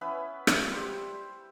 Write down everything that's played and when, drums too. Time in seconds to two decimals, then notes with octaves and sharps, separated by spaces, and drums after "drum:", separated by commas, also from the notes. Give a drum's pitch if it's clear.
0.01 B3 C#4 E4 B4
0.47 drum: rim click
0.72 G3 G4 C5 E6